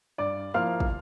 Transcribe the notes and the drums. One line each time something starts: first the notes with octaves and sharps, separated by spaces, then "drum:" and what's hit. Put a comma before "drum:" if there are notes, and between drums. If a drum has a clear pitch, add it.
G2 D5 D6
F3 A#3 E4 F5 F6
drum: kick